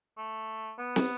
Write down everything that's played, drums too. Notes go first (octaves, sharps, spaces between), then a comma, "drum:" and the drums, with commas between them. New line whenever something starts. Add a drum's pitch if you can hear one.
A3
B3
drum: snare